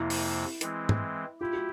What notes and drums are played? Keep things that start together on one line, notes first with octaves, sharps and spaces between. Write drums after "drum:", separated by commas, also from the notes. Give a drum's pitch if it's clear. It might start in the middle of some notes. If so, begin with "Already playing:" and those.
Already playing: F2 C3 F3 A#3 E4
drum: open hi-hat
E3 G#3 C4, drum: hi-hat
drum: tom
E4 F4 G4
F#4